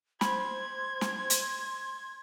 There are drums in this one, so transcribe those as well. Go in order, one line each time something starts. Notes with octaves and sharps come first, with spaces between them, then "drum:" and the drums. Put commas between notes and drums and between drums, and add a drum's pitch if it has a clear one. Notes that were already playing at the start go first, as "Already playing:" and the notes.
C5 B5 C6 G#6, drum: snare
drum: snare
drum: hi-hat